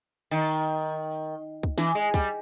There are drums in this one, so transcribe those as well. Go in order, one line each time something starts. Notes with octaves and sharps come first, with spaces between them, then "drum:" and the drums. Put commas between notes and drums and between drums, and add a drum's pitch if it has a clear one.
D#3
drum: kick
E3, drum: snare
G#3
G3, drum: kick